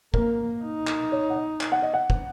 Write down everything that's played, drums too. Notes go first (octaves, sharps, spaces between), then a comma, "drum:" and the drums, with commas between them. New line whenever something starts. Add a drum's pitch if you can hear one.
A#3 A#4, drum: kick
D#4
drum: clap
C#5
F#5
D#5
drum: clap
F#5
D#5
F#5
drum: kick